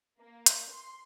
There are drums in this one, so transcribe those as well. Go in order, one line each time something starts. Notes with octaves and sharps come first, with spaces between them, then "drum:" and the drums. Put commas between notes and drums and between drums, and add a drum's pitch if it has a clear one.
A#3
drum: hi-hat
C6